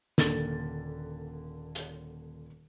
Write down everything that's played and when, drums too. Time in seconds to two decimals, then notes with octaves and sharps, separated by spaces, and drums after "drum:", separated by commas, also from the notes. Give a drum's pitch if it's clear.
0.18 D#1 D3 A#3 A6, drum: snare
1.75 drum: hi-hat